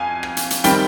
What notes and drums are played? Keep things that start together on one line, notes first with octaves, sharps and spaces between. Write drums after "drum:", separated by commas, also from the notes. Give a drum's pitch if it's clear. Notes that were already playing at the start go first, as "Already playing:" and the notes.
Already playing: F2 F5 G#5
drum: rim click
drum: hi-hat
drum: hi-hat
D#3 G3 C4 G5 B5, drum: hi-hat